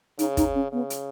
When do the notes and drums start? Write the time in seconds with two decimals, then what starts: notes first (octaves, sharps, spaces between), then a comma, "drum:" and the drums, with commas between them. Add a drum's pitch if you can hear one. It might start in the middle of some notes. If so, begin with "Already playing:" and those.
0.19 C#3 D#4, drum: hi-hat
0.37 D#4, drum: kick, hi-hat
0.55 C#4
0.72 C#3 B3
0.90 drum: hi-hat